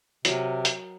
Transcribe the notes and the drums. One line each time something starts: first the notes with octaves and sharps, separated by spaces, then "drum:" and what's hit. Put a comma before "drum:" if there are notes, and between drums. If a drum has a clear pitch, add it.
C3 F#3 A#4 D#5, drum: hi-hat
drum: hi-hat